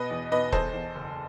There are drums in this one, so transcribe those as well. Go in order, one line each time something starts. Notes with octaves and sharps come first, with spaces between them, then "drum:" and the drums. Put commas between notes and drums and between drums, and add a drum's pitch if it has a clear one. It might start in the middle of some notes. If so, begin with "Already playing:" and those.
Already playing: B2 B4 D#5
E2
B2 B4 D#5
E2 A4 C5, drum: kick E1
E2
F#1